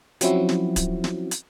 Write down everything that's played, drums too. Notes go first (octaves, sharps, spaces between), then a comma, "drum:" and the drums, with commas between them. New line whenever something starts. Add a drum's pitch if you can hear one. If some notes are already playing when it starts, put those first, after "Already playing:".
F3 F#3 C4 C#4 E4 F#4, drum: hi-hat
drum: snare
drum: kick D1, hi-hat
drum: snare
drum: hi-hat